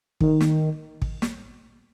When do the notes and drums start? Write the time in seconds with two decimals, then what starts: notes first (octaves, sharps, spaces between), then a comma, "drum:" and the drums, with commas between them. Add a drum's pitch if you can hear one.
0.21 D#3, drum: kick
0.41 drum: snare
1.02 drum: kick
1.22 drum: snare